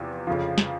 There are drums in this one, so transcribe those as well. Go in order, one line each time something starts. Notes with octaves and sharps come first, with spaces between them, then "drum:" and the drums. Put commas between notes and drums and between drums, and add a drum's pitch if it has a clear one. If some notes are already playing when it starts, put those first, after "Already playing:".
Already playing: E2 C3 F3
F2 C#3 F3
drum: snare